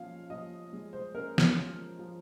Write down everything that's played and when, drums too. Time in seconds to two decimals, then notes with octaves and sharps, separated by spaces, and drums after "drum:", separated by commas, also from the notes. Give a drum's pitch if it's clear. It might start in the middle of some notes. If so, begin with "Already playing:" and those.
Already playing: F3 C#4 F5
0.30 F3 D#5
0.73 G#3
0.93 C5
1.15 C#4 A#4
1.38 drum: snare
1.56 F3
1.99 F3